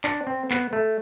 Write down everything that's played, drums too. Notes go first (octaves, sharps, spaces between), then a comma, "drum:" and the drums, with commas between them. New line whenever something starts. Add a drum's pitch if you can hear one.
D4, drum: clap
C4
B3, drum: clap
A3